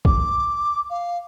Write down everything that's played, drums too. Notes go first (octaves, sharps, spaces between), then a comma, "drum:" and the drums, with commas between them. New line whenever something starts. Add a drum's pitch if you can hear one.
D6, drum: kick
F5